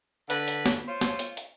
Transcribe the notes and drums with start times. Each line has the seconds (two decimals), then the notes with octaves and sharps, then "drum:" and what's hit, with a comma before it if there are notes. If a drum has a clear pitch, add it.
0.30 D3 B4, drum: hi-hat
0.48 drum: hi-hat
0.66 drum: snare
0.88 F4 C5 C#5
1.01 drum: snare
1.19 drum: hi-hat
1.37 drum: hi-hat